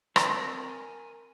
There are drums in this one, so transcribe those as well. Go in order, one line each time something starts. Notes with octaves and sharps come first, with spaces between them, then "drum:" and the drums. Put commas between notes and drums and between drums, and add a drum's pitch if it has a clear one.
F3 C4 A#4, drum: rim click
G#5